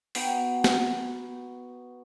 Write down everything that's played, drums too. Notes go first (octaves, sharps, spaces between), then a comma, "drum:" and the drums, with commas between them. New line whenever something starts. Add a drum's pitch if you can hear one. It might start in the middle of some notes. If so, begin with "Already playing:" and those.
B3 F#4 G5 A#5, drum: open hi-hat
drum: snare